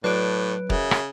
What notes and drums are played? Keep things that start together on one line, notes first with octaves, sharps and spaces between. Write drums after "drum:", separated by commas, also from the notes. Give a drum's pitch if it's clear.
A2 F#3 D4 B4 D7
F#2 C#3, drum: kick
drum: rim click